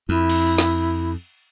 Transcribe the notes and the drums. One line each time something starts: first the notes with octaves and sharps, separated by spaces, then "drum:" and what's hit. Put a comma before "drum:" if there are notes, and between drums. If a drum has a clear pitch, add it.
F2 E4
drum: cymbal
drum: snare